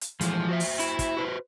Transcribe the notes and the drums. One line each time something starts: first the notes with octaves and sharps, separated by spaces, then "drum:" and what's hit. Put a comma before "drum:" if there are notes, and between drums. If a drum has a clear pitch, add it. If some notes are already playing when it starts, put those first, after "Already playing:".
drum: hi-hat
E3 F3 G#3 A3, drum: hi-hat
F#4 C5 E5
drum: open hi-hat
E4, drum: hi-hat
drum: kick, hi-hat
F#4 B4 C5